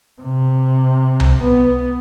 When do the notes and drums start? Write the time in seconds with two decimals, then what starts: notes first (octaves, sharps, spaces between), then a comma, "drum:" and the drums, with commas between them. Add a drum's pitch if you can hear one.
0.22 C3
1.20 drum: tom C2
1.42 B3